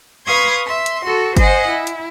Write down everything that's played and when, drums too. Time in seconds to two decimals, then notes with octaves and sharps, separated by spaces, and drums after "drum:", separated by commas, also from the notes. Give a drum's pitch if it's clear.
0.25 B4 F5 C6 C#6 D#6 G#6
0.66 E5 C6
0.86 drum: hi-hat
1.05 F#4 A4
1.37 C5 D#5 F#5 G#5, drum: kick G1, hi-hat
1.68 E4
1.87 drum: hi-hat